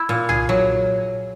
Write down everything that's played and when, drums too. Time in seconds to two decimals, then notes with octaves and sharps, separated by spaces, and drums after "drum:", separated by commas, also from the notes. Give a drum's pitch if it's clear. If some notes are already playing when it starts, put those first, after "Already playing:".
Already playing: E4
0.09 A#2
0.29 G#4, drum: tom B1
0.49 F#3